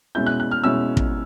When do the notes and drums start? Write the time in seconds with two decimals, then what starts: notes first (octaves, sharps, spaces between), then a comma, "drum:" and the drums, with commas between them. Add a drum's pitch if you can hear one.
0.15 B2 G#3 C#4 E4 G6
0.26 F#6
0.40 F#6
0.51 F6
0.64 B2 G#3 C#4 E4 E6
0.97 drum: kick